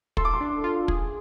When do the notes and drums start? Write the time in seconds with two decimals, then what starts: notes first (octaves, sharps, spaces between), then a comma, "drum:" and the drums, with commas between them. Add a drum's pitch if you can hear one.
0.17 A4 C6, drum: kick
0.25 D6
0.33 C6
0.41 D4
0.64 F4
0.88 G#4, drum: kick